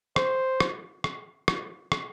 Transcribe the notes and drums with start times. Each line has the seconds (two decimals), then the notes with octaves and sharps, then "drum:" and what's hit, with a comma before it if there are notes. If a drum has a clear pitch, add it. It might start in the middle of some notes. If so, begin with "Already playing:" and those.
0.16 C5, drum: rim click
0.60 drum: rim click
1.04 drum: rim click
1.48 drum: rim click
1.92 drum: rim click